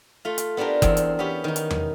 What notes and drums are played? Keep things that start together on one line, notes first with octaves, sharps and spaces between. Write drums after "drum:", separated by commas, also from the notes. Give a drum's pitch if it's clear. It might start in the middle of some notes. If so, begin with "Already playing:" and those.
A3 F4
drum: hi-hat
B3 D4 F4 G4 A#4
E2 C4 G5, drum: kick F#1, hi-hat
drum: hi-hat
B3 C#4 G4
D#3 D#4
drum: hi-hat
drum: tom E2